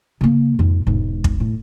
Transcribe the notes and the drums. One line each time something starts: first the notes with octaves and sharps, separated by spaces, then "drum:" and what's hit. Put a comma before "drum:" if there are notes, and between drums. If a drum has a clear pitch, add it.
C#3 A#3
F2 G#2
E1 G#2
drum: kick
A2